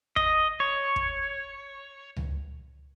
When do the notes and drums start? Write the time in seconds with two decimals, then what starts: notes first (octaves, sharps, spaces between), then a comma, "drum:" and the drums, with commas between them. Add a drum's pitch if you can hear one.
0.16 D#5, drum: kick
0.60 C#5
0.96 drum: kick
2.17 drum: tom C#2